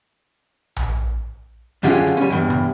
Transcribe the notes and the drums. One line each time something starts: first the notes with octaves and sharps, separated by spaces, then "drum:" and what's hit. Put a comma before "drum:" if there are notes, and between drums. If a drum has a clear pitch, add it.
drum: tom A#1
F#2 D3 C#4 F4 G4 G#4
drum: hi-hat
G3 C#4
E2 G2
drum: tom C3